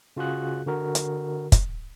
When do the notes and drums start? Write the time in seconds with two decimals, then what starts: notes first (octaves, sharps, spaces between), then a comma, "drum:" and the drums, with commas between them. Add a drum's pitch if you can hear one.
0.17 C#3 F4 F#4 G#4 F#6
0.66 D3 F#4 A#4
0.95 drum: hi-hat
1.52 drum: kick, hi-hat